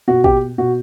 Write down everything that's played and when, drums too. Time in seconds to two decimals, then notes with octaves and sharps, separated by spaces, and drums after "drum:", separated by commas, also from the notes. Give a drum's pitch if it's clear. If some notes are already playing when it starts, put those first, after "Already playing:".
0.08 B2 F#4
0.24 G4, drum: kick
0.58 B2 F#4